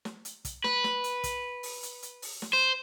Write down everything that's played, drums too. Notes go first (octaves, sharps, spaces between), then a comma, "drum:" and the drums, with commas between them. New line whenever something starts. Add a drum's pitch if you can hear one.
drum: snare
drum: hi-hat
drum: kick, hi-hat
B4, drum: snare
drum: snare
drum: hi-hat
drum: kick, hi-hat
drum: open hi-hat
drum: hi-hat
drum: hi-hat
drum: open hi-hat
drum: snare
C5